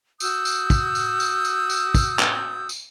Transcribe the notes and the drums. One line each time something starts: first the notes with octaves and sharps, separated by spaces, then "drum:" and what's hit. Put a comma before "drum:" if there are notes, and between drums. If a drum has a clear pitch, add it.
F#4 D#6 E6 G6, drum: tambourine
drum: tambourine
drum: kick, tambourine
drum: tambourine
drum: tambourine
drum: tambourine
drum: tambourine
drum: kick, tambourine
drum: clap
drum: tambourine